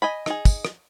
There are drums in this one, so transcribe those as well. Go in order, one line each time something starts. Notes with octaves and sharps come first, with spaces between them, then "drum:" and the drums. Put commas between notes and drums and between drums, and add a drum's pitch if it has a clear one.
D#5 G#5 B5
D#4 G#4, drum: rim click
drum: kick, tambourine
drum: rim click